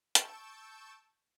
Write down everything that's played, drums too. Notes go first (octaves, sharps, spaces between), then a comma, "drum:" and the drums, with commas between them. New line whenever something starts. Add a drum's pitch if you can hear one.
A5 C#6 E6 G6 D7 E7, drum: hi-hat